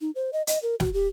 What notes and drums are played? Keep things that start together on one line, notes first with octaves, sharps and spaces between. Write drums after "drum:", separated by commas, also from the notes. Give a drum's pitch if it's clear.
D#4
C5
D#5
D#5, drum: hi-hat
A#4
F#4, drum: snare
G4